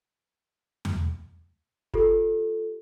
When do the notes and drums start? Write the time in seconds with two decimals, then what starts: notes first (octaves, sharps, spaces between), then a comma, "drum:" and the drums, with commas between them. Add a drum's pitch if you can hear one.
0.85 drum: tom E2
1.94 F4 G4 A4, drum: kick